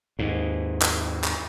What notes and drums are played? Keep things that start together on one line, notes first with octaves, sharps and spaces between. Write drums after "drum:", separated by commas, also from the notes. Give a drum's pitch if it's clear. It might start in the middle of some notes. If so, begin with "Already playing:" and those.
D#2 G#2
drum: clap
drum: clap